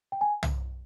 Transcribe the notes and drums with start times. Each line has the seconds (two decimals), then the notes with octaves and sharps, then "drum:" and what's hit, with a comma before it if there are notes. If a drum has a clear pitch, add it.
0.12 G5
0.21 G#5
0.43 drum: tom